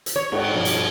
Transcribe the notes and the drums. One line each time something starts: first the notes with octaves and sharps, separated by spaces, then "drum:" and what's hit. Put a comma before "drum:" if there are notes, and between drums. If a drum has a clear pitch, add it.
drum: hi-hat
C#5
G#2 F#5 G5, drum: cymbal
G2 B2 F3
drum: hi-hat